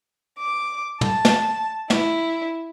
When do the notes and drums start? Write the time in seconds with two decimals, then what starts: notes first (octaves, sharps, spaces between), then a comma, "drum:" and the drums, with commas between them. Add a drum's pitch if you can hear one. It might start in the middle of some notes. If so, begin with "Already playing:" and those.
0.39 D6
1.01 A5, drum: tom
1.25 drum: snare
1.90 E4, drum: snare